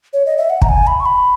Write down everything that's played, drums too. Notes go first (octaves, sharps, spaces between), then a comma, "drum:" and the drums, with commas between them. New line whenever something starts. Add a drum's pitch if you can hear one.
C#5
D#5
E5
F#5
A#5, drum: kick
G#5
B5
C#6
B5